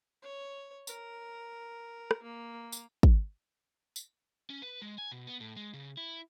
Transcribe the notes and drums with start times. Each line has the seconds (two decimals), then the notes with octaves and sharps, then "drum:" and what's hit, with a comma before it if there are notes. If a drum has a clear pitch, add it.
0.22 C#5
0.87 A#4, drum: tambourine
2.11 drum: rim click
2.23 A#3
2.72 drum: tambourine
3.03 drum: kick
3.96 drum: tambourine
4.50 C#4
4.62 B4
4.82 G#3
4.98 G#5
5.12 B2
5.27 B3
5.40 A2
5.57 G#3
5.74 C#3
5.97 E4